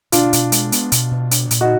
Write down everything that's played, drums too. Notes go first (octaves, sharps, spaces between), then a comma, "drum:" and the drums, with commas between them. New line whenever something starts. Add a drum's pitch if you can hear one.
B2 D4 F4, drum: hi-hat
B2, drum: hi-hat
G#3, drum: hi-hat
B3, drum: hi-hat
B2, drum: hi-hat
B2
D4, drum: hi-hat
A#2, drum: hi-hat
D#4 F#4